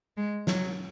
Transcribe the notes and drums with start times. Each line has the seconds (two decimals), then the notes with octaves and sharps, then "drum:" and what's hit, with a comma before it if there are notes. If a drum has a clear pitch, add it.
0.17 G#3
0.47 F#3, drum: snare